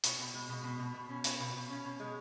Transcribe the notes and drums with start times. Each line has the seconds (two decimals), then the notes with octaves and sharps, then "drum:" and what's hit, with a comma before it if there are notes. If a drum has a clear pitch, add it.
0.04 B2, drum: hi-hat
0.18 B2
0.34 G#3
0.49 B2
0.64 B2
0.79 B2
0.94 B2
1.09 C#4
1.24 B2, drum: hi-hat
1.40 B2
1.55 B2
1.70 C#4
1.85 B2
2.00 G#3